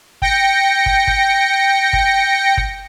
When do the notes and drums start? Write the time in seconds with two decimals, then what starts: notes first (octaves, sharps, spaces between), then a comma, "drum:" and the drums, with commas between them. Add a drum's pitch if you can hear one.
0.22 G5 A#6 C#7, drum: kick
0.86 drum: kick
1.07 drum: kick
1.93 drum: kick
2.57 drum: kick